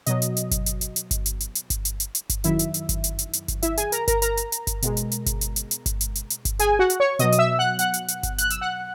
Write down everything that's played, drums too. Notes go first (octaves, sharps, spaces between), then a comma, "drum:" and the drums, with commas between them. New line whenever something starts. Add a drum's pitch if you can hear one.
B2 F#3 D#5, drum: hi-hat
drum: hi-hat
drum: hi-hat
drum: kick G1, hi-hat
drum: hi-hat
drum: hi-hat
drum: hi-hat
drum: kick G1, hi-hat
drum: hi-hat
drum: hi-hat
drum: hi-hat
drum: kick G1, hi-hat
drum: hi-hat
drum: hi-hat
drum: hi-hat
drum: kick G1, hi-hat
F#2 D#3 F#3 E4 E5, drum: hi-hat
drum: hi-hat
drum: hi-hat
drum: kick G1, hi-hat
drum: hi-hat
drum: hi-hat
drum: hi-hat
drum: kick G1, hi-hat
E4 E5, drum: hi-hat
G#4 G#5, drum: hi-hat
A#4 A#5, drum: hi-hat
A#4 A#5, drum: kick G1, hi-hat
A#4 A#5, drum: hi-hat
drum: hi-hat
drum: hi-hat
drum: kick G1, hi-hat
B2 G#3, drum: hi-hat
drum: hi-hat
drum: hi-hat
drum: kick G1, hi-hat
drum: hi-hat
drum: hi-hat
drum: hi-hat
drum: kick G1, hi-hat
drum: hi-hat
drum: hi-hat
drum: hi-hat
drum: kick G1, hi-hat
G#4 G#5, drum: hi-hat
F#4 F#5
drum: hi-hat
C#5 C#6
B2 F#3 D#5 D#6, drum: hi-hat
D#6, drum: hi-hat
E5 E6
F#5 F#6
F#5 F#6, drum: hi-hat
drum: hi-hat
drum: hi-hat
drum: kick G1, hi-hat
F#6, drum: hi-hat
E6, drum: hi-hat
F#5 F#6